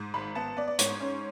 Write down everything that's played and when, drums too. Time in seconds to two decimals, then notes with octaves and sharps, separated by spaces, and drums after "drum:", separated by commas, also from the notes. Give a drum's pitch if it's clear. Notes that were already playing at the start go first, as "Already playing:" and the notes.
Already playing: G#2
0.14 G#1 B5
0.35 B3 A5
0.57 B3 D5
0.67 D5
0.79 G#2 C#5, drum: hi-hat
1.00 C#4